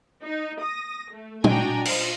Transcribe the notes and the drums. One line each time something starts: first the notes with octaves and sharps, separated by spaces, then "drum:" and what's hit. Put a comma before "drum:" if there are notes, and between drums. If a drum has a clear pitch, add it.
D#4
D#6 A#6
A3
D4 F#4 D#5 G5 G#5 A#5, drum: tom
F4 C5 D#5, drum: cymbal